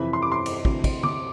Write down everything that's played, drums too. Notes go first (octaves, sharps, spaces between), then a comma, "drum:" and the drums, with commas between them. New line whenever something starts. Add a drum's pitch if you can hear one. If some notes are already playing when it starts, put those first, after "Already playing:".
Already playing: F2 C3 E3 B5
C6
D6
C6
drum: cymbal
D2 C3 E3, drum: kick
drum: kick, cymbal
D6, drum: tom D3